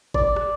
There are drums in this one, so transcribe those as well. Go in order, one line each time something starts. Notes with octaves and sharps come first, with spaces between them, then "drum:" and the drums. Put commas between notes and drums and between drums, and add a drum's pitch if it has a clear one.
D5, drum: kick A1
drum: rim click